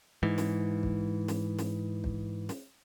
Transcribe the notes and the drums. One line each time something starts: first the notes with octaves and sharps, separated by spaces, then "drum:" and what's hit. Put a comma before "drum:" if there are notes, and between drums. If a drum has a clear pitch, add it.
G#2 E3
drum: snare
drum: kick
drum: snare
drum: snare
drum: kick
drum: snare